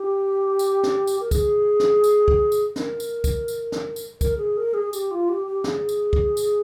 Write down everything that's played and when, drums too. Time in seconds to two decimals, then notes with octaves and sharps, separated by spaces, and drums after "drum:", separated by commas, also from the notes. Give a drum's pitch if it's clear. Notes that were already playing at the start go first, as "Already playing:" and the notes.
Already playing: G4
0.59 drum: tambourine
0.83 drum: snare
1.07 drum: tambourine
1.21 A#4
1.31 G#4, drum: kick, tambourine
1.80 drum: snare
2.04 drum: tambourine
2.28 drum: kick
2.52 drum: tambourine
2.76 A#4, drum: snare
3.00 drum: tambourine
3.24 drum: kick, tambourine
3.48 drum: tambourine
3.72 drum: snare
3.96 drum: tambourine
4.21 A#4, drum: kick, tambourine
4.38 G#4
4.57 A#4
4.74 G#4
4.93 G4, drum: tambourine
5.11 F4
5.29 G4
5.47 G4
5.64 G#4, drum: snare
5.89 drum: tambourine
6.13 drum: kick
6.37 drum: tambourine